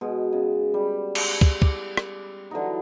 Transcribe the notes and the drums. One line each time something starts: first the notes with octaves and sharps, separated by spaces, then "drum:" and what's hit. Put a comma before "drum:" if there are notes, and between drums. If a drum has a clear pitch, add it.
B2 G#3
C#3
G3
drum: cymbal
drum: kick
D6, drum: kick
drum: rim click
D3 E3 F#3 D#4